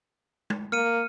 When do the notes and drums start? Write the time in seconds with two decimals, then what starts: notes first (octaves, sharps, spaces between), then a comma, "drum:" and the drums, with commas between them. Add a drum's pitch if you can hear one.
0.50 drum: tom
0.72 A#3 F6 C#7 D#7